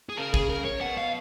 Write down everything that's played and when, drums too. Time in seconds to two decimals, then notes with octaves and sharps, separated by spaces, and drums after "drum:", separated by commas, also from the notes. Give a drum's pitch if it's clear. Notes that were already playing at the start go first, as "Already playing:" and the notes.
0.10 G#4
0.17 C#3 A#4
0.34 G#4, drum: kick
0.50 A#4
0.65 C#5
0.81 B2 F#5
0.97 F5